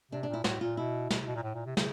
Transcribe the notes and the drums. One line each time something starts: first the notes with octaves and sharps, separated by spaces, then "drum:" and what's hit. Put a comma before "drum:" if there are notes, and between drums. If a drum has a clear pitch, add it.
C3 D4
D4
A#2
E4
A2 F#4, drum: snare
A#2 F4
B2 E4
B2, drum: snare
C3
B2
A#2
A2
A#2
C3
C#3, drum: snare